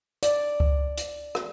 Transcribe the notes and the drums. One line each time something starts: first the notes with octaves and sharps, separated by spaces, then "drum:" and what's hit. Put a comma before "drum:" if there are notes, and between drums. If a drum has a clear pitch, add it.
D5, drum: hi-hat
drum: kick C#2
drum: hi-hat
drum: rim click